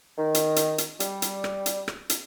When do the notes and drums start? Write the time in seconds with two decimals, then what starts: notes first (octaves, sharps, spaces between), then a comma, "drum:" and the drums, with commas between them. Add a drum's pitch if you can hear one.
0.18 D#3
0.35 drum: hi-hat
0.56 drum: hi-hat
0.78 drum: hi-hat
1.00 G3, drum: hi-hat
1.22 drum: hi-hat
1.44 drum: rim click
1.66 drum: hi-hat
1.88 drum: rim click
2.10 drum: hi-hat